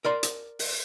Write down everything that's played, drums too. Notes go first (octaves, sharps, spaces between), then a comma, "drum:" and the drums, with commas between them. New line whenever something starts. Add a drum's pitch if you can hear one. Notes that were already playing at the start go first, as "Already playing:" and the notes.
A#4 D5 C6
drum: hi-hat
drum: open hi-hat